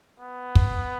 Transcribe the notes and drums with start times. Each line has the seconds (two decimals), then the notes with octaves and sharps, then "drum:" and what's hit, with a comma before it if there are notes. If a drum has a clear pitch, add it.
0.20 B3
0.55 drum: kick